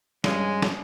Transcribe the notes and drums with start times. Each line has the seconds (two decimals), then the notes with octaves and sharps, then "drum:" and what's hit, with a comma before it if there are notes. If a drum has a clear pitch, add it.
0.24 G2 G#3 C#4, drum: snare
0.62 drum: snare